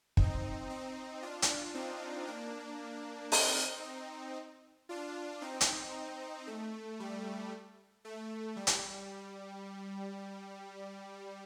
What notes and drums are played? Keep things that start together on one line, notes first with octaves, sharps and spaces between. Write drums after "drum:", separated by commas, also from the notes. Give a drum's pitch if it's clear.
C4 D#4, drum: kick
C4 D#4
D4 F4
drum: hi-hat
C4 D#4
A#3 D4
C4 D#4, drum: open hi-hat
D4 F4
C4 D#4
drum: hi-hat
A3
G3
A3
G3
drum: hi-hat